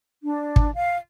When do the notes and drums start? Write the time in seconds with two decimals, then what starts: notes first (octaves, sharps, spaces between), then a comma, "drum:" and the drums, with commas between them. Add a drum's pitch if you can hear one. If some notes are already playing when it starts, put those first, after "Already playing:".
0.23 D4
0.56 drum: kick
0.75 F5